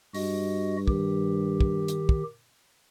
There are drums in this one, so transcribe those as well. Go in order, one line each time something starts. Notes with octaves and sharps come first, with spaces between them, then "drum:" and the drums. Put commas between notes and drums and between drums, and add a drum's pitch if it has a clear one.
G2 F#4 D#5, drum: open hi-hat
D#3 G4, drum: kick
drum: kick
drum: hi-hat
drum: kick